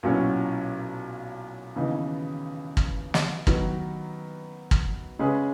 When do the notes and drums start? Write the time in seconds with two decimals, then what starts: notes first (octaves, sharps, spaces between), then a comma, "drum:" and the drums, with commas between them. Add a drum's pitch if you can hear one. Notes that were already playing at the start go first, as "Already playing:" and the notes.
0.03 B1 A#2 F#3 C#4 E4
1.76 D#2 C#3 E3 B3 D#4
2.77 drum: kick
3.14 drum: snare
3.47 D#3 F#3 B3, drum: kick
4.71 drum: kick
5.19 C#3 G#3 C#4 G#4 B4